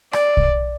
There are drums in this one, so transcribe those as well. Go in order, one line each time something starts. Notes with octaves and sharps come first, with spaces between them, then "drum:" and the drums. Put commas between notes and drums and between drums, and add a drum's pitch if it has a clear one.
D5, drum: rim click
drum: kick